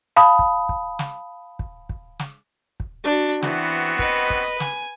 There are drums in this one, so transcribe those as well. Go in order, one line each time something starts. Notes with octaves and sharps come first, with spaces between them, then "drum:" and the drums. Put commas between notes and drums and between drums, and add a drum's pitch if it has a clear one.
F5 A5 B5 D#6
drum: kick
drum: kick
drum: snare
drum: kick
drum: kick
drum: snare
drum: kick
D4 F#4
E3 B3 C4 F#4, drum: snare
B4 D#5, drum: kick
drum: kick
G#5, drum: snare